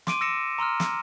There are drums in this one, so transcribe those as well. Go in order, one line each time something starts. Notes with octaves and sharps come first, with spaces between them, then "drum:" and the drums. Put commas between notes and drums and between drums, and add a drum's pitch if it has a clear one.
C6 D6 D7 D#7, drum: snare
E6 A#6 C#7 E7
A#5 C6 E6 F6
drum: snare